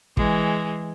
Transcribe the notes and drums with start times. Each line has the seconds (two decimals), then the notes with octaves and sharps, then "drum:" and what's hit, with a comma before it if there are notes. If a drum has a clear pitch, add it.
0.17 E3 G#3, drum: kick